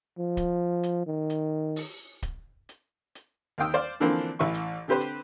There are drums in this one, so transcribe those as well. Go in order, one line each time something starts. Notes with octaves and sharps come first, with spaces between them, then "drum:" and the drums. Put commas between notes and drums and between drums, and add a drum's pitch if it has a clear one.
F3
drum: kick D1, hi-hat
drum: hi-hat
D#3
drum: hi-hat
drum: open hi-hat
drum: kick D1, hi-hat
drum: hi-hat
drum: hi-hat
D#2 D#3 F5 G5 D#6 E6
C5 D5 F5
D3 E3 F3 A#3 C4 D4
A1 E3 E5 C#6
drum: hi-hat
D3 C4 G4 B4 C5
drum: hi-hat